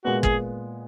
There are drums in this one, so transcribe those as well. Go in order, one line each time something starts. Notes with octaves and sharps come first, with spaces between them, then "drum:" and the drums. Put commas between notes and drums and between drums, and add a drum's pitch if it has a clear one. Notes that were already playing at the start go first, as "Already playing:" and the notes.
A#2 G#3 B3 F#4
G#4, drum: kick